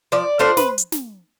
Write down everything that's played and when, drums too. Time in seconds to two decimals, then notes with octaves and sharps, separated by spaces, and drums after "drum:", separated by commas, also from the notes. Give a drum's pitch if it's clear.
0.12 F3 D5
0.39 A3 D4 F4 C5
0.57 B4, drum: snare
0.78 drum: hi-hat
0.92 drum: snare